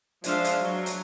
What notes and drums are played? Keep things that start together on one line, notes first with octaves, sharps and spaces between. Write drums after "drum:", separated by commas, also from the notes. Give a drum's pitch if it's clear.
F3 G#3 D4 C5 E5 F5, drum: hi-hat
drum: hi-hat
F#3
drum: hi-hat